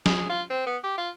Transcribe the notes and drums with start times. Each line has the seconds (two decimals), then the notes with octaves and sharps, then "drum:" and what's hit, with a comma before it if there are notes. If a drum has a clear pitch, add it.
0.06 G#4, drum: snare
0.29 F4
0.50 C4
0.66 B3
0.84 G4
0.97 F4